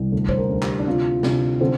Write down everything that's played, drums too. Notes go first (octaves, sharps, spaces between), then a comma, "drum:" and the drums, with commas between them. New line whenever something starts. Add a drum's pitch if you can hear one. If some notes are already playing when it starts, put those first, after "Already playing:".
Already playing: C2
D2
C5, drum: kick
A#4
D2
G4, drum: clap
D4
C3 F4
C3 D4, drum: snare
D3 C4